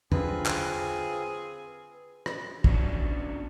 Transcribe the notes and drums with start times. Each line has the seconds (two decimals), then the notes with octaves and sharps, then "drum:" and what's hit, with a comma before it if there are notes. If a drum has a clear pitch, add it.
0.12 D3 C4 F4 G#4 B4, drum: tom
0.46 drum: clap
2.26 drum: rim click
2.64 F#3 B3 C#4 D4 F#4, drum: kick